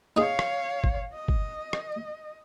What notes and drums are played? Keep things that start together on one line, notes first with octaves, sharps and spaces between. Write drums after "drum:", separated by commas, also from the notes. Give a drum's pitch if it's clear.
D#4 G#4 C#5 F5
drum: rim click
drum: kick
D#5
drum: kick
drum: rim click